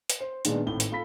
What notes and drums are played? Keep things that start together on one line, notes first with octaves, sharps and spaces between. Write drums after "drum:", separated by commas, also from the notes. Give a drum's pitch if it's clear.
drum: hi-hat
C5
A#2 D#3 G#3 B3 D4, drum: hi-hat
G#1 A2 G7
drum: hi-hat
A3 F4 A4 B5 B6